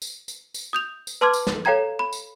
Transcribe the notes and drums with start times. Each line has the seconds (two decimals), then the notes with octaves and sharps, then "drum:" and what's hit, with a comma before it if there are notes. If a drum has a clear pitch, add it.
0.02 drum: tambourine
0.28 drum: tambourine
0.54 drum: tambourine
0.73 D#6 G6 F7
1.07 drum: tambourine
1.21 B4 A5 C6 D6 F6 G#6
1.33 drum: tambourine
1.47 drum: snare
1.65 A4 C#5 F5 G5 A#5 G#6
1.99 B5
2.13 drum: tambourine